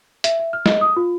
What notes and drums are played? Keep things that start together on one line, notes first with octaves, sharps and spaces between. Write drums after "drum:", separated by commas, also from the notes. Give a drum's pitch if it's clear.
E5, drum: hi-hat
E5
F6
D#5, drum: snare
D#6
F4